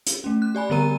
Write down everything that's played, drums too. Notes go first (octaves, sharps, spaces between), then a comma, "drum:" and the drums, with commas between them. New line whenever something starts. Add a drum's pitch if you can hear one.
drum: hi-hat
A3 C#4
F#6
G4 D5 G#5 B5
D3 G3 B3 A#4 A#5 D#7